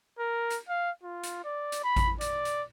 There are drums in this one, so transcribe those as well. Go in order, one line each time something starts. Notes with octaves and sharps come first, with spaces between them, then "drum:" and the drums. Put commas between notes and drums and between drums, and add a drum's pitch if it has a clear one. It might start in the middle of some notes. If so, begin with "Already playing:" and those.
A#4
drum: hi-hat
F5
F4
drum: hi-hat
D5
drum: hi-hat
B5
drum: kick A1, hi-hat
D5, drum: hi-hat
drum: hi-hat